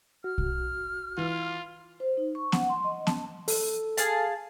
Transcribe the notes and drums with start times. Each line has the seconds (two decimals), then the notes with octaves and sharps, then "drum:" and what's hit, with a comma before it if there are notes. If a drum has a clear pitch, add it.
0.24 F#4 F6
0.38 drum: kick B1
1.18 E3 F4
2.00 C5
2.17 D#4
2.35 C#6
2.52 F#5, drum: snare B3
2.69 C6
2.84 D#5
3.07 A5, drum: snare B3
3.48 A4, drum: open hi-hat
3.97 G#4 F5 A5, drum: hi-hat